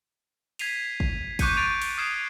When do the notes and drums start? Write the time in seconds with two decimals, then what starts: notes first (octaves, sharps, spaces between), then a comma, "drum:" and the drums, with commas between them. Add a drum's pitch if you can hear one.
0.59 G#6 B6 C7 D#7 F7, drum: cymbal
1.00 drum: kick
1.39 C#6 D6 F#6 G6 C#7 D#7, drum: kick, cymbal
1.57 C#6 D6 A6 D7 D#7 F7
1.82 drum: cymbal
1.98 D#6 F6 G#6 C7 D7 E7